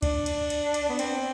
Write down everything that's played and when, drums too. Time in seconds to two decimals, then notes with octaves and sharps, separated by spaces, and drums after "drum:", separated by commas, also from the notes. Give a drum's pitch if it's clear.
0.02 D4, drum: kick C#2, cymbal
0.26 drum: cymbal
0.50 drum: cymbal
0.74 drum: cymbal
0.89 B3
0.99 C4, drum: cymbal